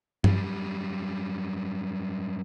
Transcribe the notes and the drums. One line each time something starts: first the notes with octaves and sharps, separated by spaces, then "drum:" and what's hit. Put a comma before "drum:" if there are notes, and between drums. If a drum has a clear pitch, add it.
F#2 G3, drum: tom G2